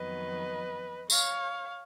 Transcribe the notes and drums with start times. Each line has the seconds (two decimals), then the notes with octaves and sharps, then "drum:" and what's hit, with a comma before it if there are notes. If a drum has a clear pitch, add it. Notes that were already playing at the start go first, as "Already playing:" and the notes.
Already playing: F2 D#3 F#3 B3 D#4 B4 D#5
1.10 C#5 F5, drum: tambourine